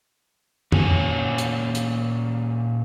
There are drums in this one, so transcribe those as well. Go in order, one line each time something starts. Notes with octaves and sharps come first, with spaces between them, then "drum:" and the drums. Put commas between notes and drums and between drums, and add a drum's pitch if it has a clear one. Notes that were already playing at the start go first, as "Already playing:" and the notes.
A#2 A#3 C#4 C#5 G#5, drum: tom
drum: hi-hat
drum: hi-hat